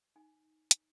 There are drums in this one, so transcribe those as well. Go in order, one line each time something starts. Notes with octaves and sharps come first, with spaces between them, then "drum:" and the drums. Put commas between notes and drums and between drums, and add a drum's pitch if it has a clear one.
D#4 G#5
drum: hi-hat